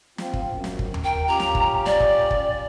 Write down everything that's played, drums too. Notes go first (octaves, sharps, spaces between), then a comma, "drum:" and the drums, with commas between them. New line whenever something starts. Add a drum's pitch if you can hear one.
C4 F4, drum: snare
drum: kick
F#2
drum: snare
drum: kick
drum: tom D#2
A#4 G5
C#4 F4 G4 A#5
drum: snare
drum: kick
D5, drum: snare
drum: kick
drum: kick